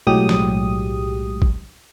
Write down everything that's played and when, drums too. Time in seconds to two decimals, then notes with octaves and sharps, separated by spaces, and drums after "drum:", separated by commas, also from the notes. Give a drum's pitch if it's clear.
0.07 B1 A2 F#3 G#3 G4 D#6
0.29 drum: snare
1.42 drum: kick